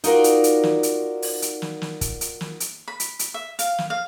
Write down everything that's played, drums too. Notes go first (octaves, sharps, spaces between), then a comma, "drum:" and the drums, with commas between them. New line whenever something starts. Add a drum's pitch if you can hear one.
D#4 F4 F#4 A#4 D5, drum: hi-hat
drum: hi-hat
drum: hi-hat
drum: snare
drum: hi-hat
drum: open hi-hat
drum: hi-hat
drum: snare
drum: snare
drum: kick, hi-hat
drum: hi-hat
drum: snare
drum: hi-hat
B5
drum: hi-hat
drum: hi-hat
E5
F5, drum: hi-hat
drum: snare
F5